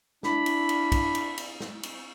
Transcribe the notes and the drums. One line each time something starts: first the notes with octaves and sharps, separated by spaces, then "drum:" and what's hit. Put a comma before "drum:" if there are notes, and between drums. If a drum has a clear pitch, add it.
D4 E4 B5, drum: snare
drum: cymbal
drum: cymbal
drum: kick, cymbal
drum: cymbal
drum: cymbal
drum: snare
drum: cymbal